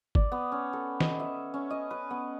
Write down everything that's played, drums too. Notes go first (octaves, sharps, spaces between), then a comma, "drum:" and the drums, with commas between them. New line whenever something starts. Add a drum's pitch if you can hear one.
D5, drum: kick G#1
B3
C#4
A4
D#5, drum: snare
E5
C#4
D#5
B4
B3